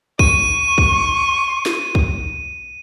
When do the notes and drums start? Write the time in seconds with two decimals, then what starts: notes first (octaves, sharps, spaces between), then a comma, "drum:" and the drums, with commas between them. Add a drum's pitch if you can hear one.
0.19 C#6 D#7, drum: kick
0.78 drum: kick
1.66 drum: snare
1.95 drum: kick